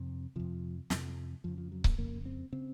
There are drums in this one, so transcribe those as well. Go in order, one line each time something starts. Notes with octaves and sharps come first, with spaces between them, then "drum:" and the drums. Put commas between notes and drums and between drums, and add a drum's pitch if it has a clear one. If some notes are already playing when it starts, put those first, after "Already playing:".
Already playing: F2 C3
F2 C3 F3
F2 C3 F3, drum: snare
F2 C#3 F3
F3
F#3
A#3, drum: kick C#1
F2 C#3 A#3
C4
C#3 C4